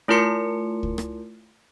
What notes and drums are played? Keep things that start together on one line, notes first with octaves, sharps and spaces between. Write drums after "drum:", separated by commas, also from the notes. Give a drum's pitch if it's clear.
A3 E4 F4 A#4 C6 C#7
drum: kick C#2
drum: rim click